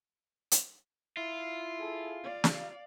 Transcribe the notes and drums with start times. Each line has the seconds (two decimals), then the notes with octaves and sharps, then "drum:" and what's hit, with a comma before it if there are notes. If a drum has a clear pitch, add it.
0.51 drum: hi-hat
1.17 E4 F4
1.79 G#4 A4
2.24 D5 F5
2.44 drum: snare